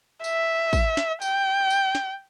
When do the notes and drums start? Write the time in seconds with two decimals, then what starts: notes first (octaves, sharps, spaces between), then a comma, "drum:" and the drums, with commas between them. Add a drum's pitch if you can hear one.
0.24 E5, drum: tambourine
0.73 drum: kick, tambourine
0.97 drum: snare
1.22 G5, drum: tambourine
1.70 drum: tambourine
1.95 drum: snare